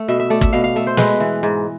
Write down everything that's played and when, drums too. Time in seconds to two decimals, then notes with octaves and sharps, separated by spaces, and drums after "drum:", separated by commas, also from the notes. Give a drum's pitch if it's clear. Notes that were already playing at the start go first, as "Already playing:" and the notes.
Already playing: A3
0.08 B2 E5
0.20 E5
0.30 A3 D5
0.41 E5, drum: kick
0.53 B2 F5
0.64 F5
0.76 A3 E5
0.87 C5
0.97 G#3 B4, drum: snare
1.20 E3
1.43 G#2